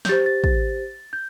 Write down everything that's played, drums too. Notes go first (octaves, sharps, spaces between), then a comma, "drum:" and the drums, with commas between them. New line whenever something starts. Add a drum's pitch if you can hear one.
G6, drum: snare
G4 C5 A6
A6
A6, drum: kick
G6